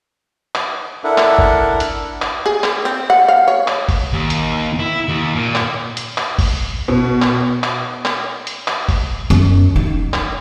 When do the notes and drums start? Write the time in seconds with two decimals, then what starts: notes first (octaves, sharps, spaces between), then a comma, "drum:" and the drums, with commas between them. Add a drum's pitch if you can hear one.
0.55 drum: clap
1.04 D4 E4 A4 A#4 E5 F#5
1.18 drum: clap
1.39 drum: kick G1
1.80 drum: hi-hat
2.22 drum: clap
2.46 G#4
2.64 drum: clap
2.85 C4
3.10 F#5
3.28 F5
3.48 C#5
3.68 drum: clap
3.89 drum: kick G1, open hi-hat
4.13 D#2
4.30 drum: hi-hat
4.79 E4
5.09 D#2
5.35 A#2
5.55 drum: clap
5.97 drum: hi-hat
6.18 drum: clap
6.39 drum: kick G1, open hi-hat
6.88 B2
7.22 drum: clap
7.64 drum: clap
8.05 drum: clap
8.47 drum: hi-hat
8.68 drum: clap
8.89 drum: kick G1, open hi-hat
9.30 F#2, drum: hi-hat
9.76 D#4
10.14 drum: clap